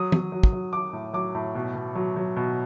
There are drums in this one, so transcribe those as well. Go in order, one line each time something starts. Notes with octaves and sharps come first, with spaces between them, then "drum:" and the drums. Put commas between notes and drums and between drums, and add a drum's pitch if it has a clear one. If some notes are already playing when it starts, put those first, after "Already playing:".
Already playing: F#3 D#6
F#3, drum: tom E3
F#3
drum: kick
F#3
F#3 D6
A2
F#3 D6
A2
B2
B2
F#3
F#3
B2